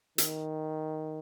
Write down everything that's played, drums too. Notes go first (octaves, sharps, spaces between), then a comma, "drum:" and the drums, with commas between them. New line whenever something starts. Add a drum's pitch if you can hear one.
D#3, drum: hi-hat